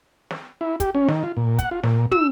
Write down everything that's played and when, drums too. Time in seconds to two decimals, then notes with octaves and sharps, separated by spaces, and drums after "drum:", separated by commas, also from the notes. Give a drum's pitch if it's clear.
0.31 drum: snare
0.61 E4
0.80 G4, drum: kick, hi-hat
0.95 C#4
1.08 D#3, drum: snare
1.23 F4
1.37 A#2
1.59 F#5, drum: kick, hi-hat
1.71 F4
1.83 A#2, drum: snare
2.11 E6, drum: tom